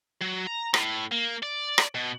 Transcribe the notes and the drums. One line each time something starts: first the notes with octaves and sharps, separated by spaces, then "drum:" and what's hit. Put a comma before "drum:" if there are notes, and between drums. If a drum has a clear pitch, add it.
F#3
A#5
A2, drum: rim click
A#3
D5
drum: rim click
B2